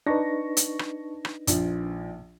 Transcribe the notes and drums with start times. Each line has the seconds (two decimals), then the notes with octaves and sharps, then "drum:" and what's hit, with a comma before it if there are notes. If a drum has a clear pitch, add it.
0.07 D4 D#4 B4 A5 C#6 A#6
0.57 drum: hi-hat
0.79 drum: rim click
1.25 drum: rim click
1.47 A#1 F3, drum: hi-hat